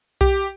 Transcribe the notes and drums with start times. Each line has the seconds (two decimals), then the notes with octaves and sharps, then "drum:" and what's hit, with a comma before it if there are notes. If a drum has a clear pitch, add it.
0.21 G4, drum: kick B1